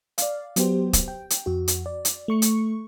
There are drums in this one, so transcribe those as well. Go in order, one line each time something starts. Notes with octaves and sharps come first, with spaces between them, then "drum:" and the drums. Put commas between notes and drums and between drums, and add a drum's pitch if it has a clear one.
D5 F5, drum: hi-hat
F#3 B3 G4 C5, drum: hi-hat
drum: kick, hi-hat
G5
drum: hi-hat
F2 F#4
drum: hi-hat
D5
drum: hi-hat
A3 C#6 C#7
drum: hi-hat